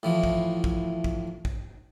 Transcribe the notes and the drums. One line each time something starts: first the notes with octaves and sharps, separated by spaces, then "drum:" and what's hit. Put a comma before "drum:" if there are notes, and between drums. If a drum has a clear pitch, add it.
A2 E3 F3
drum: kick
drum: kick
drum: kick
drum: kick